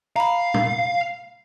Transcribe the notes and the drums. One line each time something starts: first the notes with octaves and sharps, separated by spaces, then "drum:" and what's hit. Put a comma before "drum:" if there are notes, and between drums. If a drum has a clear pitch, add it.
F5 A#5 B5
drum: tom